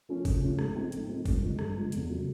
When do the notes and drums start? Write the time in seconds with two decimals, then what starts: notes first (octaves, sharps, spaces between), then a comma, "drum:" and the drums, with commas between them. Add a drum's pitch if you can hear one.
0.09 F3 A3 C#4 F4
0.25 C#3, drum: kick G1, open hi-hat
0.43 F3 A3 C#4 F4
0.59 G#2, drum: rim click
0.76 F3 A3 C4 D#4
0.92 G#2, drum: hi-hat
1.09 F3 A3 C4 D#4
1.25 G2, drum: kick G1, open hi-hat
1.42 D3 F3 G#3
1.59 G2, drum: rim click
1.75 D3 F3 G#3
1.92 E2, drum: hi-hat
2.09 C#3 F#3 A3